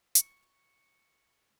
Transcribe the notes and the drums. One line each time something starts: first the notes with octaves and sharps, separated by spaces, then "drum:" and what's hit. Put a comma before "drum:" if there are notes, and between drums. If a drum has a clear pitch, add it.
C#6, drum: hi-hat